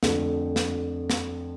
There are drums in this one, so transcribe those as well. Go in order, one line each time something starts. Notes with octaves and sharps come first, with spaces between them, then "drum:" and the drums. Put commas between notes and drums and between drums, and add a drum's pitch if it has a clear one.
F2 D3 A3, drum: snare
drum: snare
drum: snare